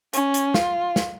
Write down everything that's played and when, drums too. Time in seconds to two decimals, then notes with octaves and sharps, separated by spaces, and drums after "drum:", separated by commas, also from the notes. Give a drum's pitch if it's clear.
0.13 C#4, drum: hi-hat
0.34 drum: hi-hat
0.54 F4, drum: snare
0.96 drum: snare